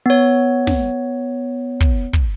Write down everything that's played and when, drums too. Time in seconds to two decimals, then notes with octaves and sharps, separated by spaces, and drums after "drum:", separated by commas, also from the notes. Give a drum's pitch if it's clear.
0.06 B3 C#5
0.67 drum: snare
1.81 drum: kick
2.13 drum: kick